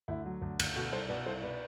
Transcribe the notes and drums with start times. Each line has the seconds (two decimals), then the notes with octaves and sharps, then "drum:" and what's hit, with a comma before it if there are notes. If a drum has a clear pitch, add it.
0.08 D2 E4
0.26 F#3
0.42 D2
0.60 D2, drum: cymbal
0.76 B2 F#4 A4
0.92 C2 A4 C5
1.09 B2 B4 D5
1.26 C2 A4 C5
1.43 B2 B4 D5